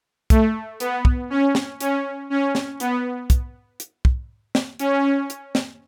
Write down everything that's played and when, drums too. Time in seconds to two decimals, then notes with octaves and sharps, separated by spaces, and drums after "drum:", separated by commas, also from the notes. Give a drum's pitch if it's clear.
0.30 A3, drum: kick, hi-hat
0.80 B3, drum: hi-hat
1.05 drum: kick
1.30 C#4
1.55 drum: snare
1.80 C#4, drum: hi-hat
2.30 C#4
2.55 drum: snare
2.80 B3, drum: hi-hat
3.30 drum: kick, hi-hat
3.80 drum: hi-hat
4.05 drum: kick
4.55 drum: snare
4.79 C#4, drum: hi-hat
5.30 drum: hi-hat
5.55 drum: snare